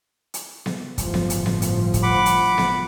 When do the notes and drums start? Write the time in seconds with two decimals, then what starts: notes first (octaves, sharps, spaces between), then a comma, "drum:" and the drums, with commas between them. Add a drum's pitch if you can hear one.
0.34 drum: hi-hat
0.66 drum: snare B3
0.98 G1 A2 F3, drum: kick, hi-hat
1.14 drum: snare B3
1.30 drum: hi-hat
1.46 drum: snare B3
1.62 drum: hi-hat
1.94 drum: kick, hi-hat
2.03 F#5 B5 D6
2.26 drum: hi-hat
2.58 drum: snare B3